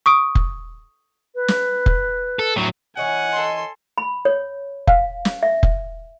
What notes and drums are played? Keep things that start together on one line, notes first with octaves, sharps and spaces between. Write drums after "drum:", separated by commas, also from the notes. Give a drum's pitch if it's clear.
C#6 D#6 D7
drum: kick F1
B4
drum: snare
drum: kick F1
A4
A2 F#3
E3 C#5 D#5 F#5 G#5
A4 C6
B5
C#5
F5, drum: kick F1
drum: snare
E5
drum: kick F1